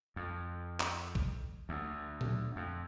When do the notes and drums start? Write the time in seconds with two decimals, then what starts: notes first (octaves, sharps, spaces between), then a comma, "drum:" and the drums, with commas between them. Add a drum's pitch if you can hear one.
0.16 F2
0.80 drum: clap
1.15 drum: kick
1.69 D2
2.21 drum: tom A#2
2.56 F2